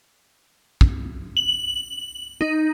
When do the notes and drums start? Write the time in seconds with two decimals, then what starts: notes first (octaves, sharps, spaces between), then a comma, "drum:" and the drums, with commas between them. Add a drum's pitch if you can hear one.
0.81 drum: kick
1.37 F#7
2.41 D#4